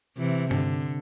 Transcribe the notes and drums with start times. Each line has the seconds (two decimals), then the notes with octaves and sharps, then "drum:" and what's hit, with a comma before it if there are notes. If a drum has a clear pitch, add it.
0.17 C3 E3
0.51 D3, drum: tom G2